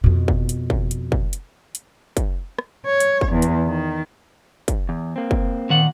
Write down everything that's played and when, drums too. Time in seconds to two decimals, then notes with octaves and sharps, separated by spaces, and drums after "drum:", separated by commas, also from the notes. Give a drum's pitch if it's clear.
0.04 F2 B2
0.28 drum: kick
0.49 drum: hi-hat
0.70 drum: kick
0.91 drum: hi-hat
1.12 drum: kick
1.33 drum: hi-hat
1.75 drum: hi-hat
2.17 drum: kick, hi-hat
2.59 drum: rim click
2.86 C#5
3.00 drum: hi-hat
3.21 drum: kick
3.32 E2
3.42 drum: hi-hat
3.67 D#3
4.68 drum: kick, hi-hat
4.89 E2
5.16 A#3 C4
5.31 drum: kick
5.70 A#2 D#3 F#5